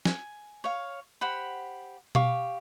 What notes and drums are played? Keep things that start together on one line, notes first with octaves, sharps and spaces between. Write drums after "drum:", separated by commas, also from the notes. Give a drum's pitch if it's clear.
G#5, drum: snare
C#5 F5
G4 C5 F#5 B5
G4 F5 C#6 D6, drum: tom B2